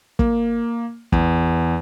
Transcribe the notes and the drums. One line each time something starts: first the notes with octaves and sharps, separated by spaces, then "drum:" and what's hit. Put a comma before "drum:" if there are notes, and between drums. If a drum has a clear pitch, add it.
A#3, drum: kick
E2, drum: kick